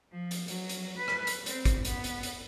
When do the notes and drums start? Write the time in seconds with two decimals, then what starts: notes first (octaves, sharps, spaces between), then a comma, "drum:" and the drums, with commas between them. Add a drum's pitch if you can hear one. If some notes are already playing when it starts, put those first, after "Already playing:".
0.12 F3
0.31 drum: hi-hat
0.48 F#3, drum: hi-hat
0.69 drum: hi-hat
0.97 B4
1.08 drum: rim click
1.27 drum: hi-hat
1.46 C4, drum: hi-hat
1.65 drum: kick, hi-hat
1.85 B3, drum: hi-hat
2.04 drum: hi-hat
2.23 drum: hi-hat